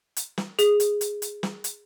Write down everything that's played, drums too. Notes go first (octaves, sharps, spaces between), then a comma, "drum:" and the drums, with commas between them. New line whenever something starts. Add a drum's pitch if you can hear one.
drum: hi-hat
drum: snare
G#4, drum: hi-hat
drum: hi-hat
drum: hi-hat
drum: hi-hat
drum: snare
drum: hi-hat